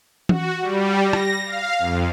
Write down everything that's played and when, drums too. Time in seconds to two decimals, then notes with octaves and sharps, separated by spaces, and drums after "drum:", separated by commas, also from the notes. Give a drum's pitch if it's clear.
0.29 F#4, drum: tom E3
0.61 G3
1.03 A#6
1.13 drum: rim click
1.45 F5
1.79 F2